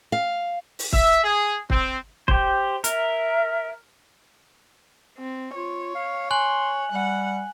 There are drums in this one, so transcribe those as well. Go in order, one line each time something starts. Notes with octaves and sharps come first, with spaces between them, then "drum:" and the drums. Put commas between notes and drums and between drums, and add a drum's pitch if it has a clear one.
F5
drum: open hi-hat
E5, drum: kick
G#4
C4, drum: kick
G4 C5, drum: kick
A#4 E5, drum: hi-hat
C4
F4 C#5
F5
G#5 C6 F#6 F#7
G3 F#5